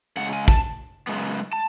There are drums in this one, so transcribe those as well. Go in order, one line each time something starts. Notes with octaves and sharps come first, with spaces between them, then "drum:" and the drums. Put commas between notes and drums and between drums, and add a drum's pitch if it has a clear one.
C#3 G#3 F#5
G#5
A5, drum: kick
F#2 C#3 G#3 B3
A5